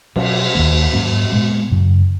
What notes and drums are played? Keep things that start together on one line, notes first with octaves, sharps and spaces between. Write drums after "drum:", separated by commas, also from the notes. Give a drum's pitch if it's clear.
B2 F#3 C#4, drum: cymbal
D#2 D#3 A#3
G#2 F#3 A#3 C#4
A#2 G#3 B3
F#2 C#3 F#3